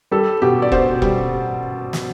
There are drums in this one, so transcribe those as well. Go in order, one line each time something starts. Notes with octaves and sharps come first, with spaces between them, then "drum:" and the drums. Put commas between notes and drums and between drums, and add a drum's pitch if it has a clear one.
G3 A4
B2 G4
D5
B2 C5, drum: kick E1
G3, drum: kick E1
drum: snare